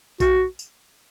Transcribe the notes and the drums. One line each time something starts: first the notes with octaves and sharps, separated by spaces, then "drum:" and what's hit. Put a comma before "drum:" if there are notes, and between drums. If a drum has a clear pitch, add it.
F#4, drum: kick A#1, tambourine
drum: tambourine